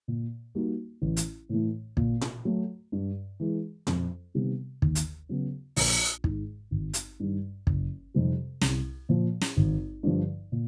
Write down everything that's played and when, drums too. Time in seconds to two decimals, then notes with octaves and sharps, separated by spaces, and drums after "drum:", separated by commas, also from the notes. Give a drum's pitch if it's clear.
0.08 A#2
0.55 G3 A#3 D#4 F#4
1.02 A1
1.17 drum: hi-hat
1.49 A2 E3 A3
1.97 A#2, drum: kick
2.21 drum: tom A#2
2.45 F#3 A3
2.92 G2
3.40 E3 G#3
3.87 F2, drum: tom A#2
4.34 C3 D#3 G3 B3
4.82 D#2, drum: kick
4.95 drum: hi-hat
5.29 C#3 F#3 B3
5.76 A#1, drum: open hi-hat
6.24 G#2 D#3, drum: kick
6.71 G#1
6.94 drum: hi-hat
7.20 G2 D#3 G3
7.67 F#1, drum: kick
8.14 F2 C3 D#3 G3
8.61 C2, drum: snare
9.09 A#2 F3
9.41 drum: snare
9.57 G#1
10.03 G2 D3 F3
10.52 A#2